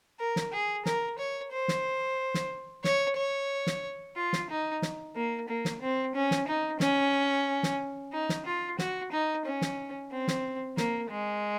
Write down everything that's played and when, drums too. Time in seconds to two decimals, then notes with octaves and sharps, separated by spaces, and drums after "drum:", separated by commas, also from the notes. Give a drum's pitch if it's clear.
0.19 A#4
0.36 drum: snare
0.52 G#4
0.86 A#4, drum: snare
1.18 C#5
1.52 C5
1.68 drum: snare
2.34 drum: snare
2.84 C#5, drum: snare
3.16 C#5
3.67 drum: snare
4.16 F4
4.33 drum: snare
4.50 D#4
4.82 drum: snare
5.16 A#3
5.48 A#3
5.65 drum: snare
5.81 C4
6.15 C#4
6.31 drum: snare
6.47 D#4
6.80 C#4, drum: snare
7.63 drum: snare
8.12 D#4
8.29 drum: snare
8.46 F4
8.79 F#4, drum: snare
9.12 D#4
9.46 C#4
9.61 drum: snare
10.11 C4
10.28 drum: snare
10.77 A#3, drum: snare
11.11 G#3